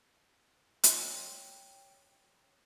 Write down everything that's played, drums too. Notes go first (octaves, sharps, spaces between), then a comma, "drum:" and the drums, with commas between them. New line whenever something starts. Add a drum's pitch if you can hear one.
C#5 G5 C6, drum: hi-hat